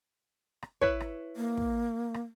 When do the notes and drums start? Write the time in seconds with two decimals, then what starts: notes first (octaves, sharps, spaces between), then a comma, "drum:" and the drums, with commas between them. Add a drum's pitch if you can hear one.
0.62 drum: rim click
0.81 E4 B4 C#5, drum: kick
1.00 drum: rim click
1.37 A#3
1.57 drum: kick
2.14 drum: rim click